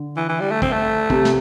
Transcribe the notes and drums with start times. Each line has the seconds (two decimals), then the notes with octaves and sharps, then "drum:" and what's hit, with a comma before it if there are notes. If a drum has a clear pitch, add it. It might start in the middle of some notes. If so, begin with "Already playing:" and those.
Already playing: D3
0.17 E3
0.29 E3
0.40 G3
0.51 A3
0.62 C4, drum: kick
0.72 A3
1.10 C3, drum: kick
1.25 drum: snare